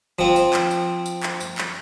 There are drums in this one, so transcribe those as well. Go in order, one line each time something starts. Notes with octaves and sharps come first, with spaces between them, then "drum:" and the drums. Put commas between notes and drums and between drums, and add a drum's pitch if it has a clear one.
F3 C4
drum: tambourine
drum: clap
drum: tambourine
drum: tambourine
drum: clap
drum: tambourine
drum: clap